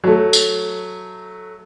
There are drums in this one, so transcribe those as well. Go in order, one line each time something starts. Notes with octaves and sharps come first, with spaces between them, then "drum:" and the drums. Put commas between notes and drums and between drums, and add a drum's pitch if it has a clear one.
F#3 A3
drum: tambourine